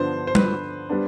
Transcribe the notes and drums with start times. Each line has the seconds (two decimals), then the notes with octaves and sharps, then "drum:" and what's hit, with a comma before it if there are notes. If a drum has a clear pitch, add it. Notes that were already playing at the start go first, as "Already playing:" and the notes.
Already playing: G2 D3 F3 B3 D4 C5
0.27 C5
0.35 B4, drum: tom G3
0.89 G3 B3 D4